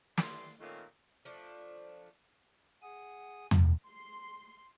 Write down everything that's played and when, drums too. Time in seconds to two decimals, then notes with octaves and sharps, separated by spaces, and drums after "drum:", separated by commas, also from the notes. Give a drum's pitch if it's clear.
0.18 E3 G4 D5 C6, drum: snare
0.60 A#2 D#3 A3 A#3 C4 C#4
1.25 F3 A3 D4
2.82 G#4 F#5 D#6
3.51 drum: tom E2
3.88 C6